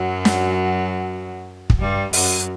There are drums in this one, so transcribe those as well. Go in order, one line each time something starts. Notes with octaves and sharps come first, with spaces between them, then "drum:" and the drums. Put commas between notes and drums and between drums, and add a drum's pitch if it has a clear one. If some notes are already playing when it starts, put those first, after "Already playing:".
Already playing: F#2 F#3
drum: snare
drum: kick
G2 G3
F#2 F#3, drum: open hi-hat